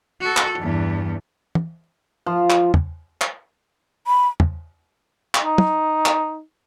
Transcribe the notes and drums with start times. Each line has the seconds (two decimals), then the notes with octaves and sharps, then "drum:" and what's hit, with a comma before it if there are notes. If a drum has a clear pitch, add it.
0.21 F#4 A4
0.37 drum: clap
0.59 E2 G2
1.55 drum: tom
2.26 F3
2.50 drum: clap
2.74 drum: tom
3.21 drum: clap
4.07 B5
4.40 drum: tom
5.35 drum: clap
5.44 D#4
5.58 drum: tom
6.06 drum: clap